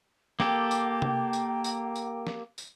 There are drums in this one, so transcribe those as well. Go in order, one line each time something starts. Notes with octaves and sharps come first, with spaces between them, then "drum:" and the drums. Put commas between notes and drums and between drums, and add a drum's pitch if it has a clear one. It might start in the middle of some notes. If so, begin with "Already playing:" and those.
A#3 G4 A4 G5, drum: snare
drum: tambourine
drum: tom C3
drum: tambourine
drum: tambourine
drum: tambourine
drum: snare
drum: tambourine